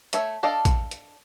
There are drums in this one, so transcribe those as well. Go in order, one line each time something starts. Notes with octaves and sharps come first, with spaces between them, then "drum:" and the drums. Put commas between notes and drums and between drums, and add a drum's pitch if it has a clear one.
A3 C#5 E5, drum: hi-hat
D4 A4 D5 D#5 F5
drum: kick, hi-hat
drum: hi-hat